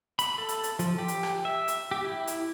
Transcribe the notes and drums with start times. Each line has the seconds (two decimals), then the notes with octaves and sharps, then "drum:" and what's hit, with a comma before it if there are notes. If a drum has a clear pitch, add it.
0.19 B5, drum: hi-hat
0.38 A4
0.49 drum: hi-hat
0.64 drum: hi-hat
0.79 F3, drum: hi-hat
0.98 G4
1.08 drum: hi-hat
1.23 drum: rim click
1.45 E5
1.68 drum: hi-hat
1.91 G4
2.04 E4
2.27 drum: hi-hat